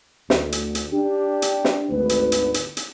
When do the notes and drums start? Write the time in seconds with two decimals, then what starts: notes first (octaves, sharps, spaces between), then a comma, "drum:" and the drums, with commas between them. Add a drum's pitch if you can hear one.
0.30 D2, drum: snare
0.52 drum: hi-hat
0.75 drum: hi-hat
0.93 D4 G4
1.42 drum: hi-hat
1.65 drum: snare
1.90 G#1 D2 B4
2.09 drum: hi-hat
2.32 drum: hi-hat
2.54 drum: hi-hat
2.77 drum: hi-hat